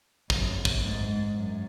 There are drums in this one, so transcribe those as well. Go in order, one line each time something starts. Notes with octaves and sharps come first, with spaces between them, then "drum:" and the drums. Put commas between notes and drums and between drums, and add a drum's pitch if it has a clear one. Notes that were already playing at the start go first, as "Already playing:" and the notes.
F#2, drum: kick
drum: kick
G#2
F#2